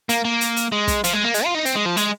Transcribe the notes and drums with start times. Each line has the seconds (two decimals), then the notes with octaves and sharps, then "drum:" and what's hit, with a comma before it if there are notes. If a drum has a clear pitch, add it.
0.09 A#3, drum: hi-hat
0.25 A#3
0.41 drum: hi-hat
0.56 drum: hi-hat
0.72 G#3
0.88 drum: kick, hi-hat
1.04 F3, drum: hi-hat
1.13 G#3
1.24 A#3
1.34 G#3, drum: hi-hat
1.45 F4
1.55 D#4
1.66 C4, drum: hi-hat
1.76 G#3
1.86 F3
1.97 G#3, drum: hi-hat